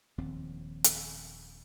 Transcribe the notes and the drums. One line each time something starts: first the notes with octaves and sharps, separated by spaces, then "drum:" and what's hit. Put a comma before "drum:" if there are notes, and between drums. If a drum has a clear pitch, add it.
D#1 D#2 F3 C4
drum: hi-hat